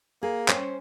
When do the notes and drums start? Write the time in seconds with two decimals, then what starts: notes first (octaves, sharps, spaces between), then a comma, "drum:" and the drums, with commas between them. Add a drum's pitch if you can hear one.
0.23 A#3 G#4
0.48 C#4 C5, drum: clap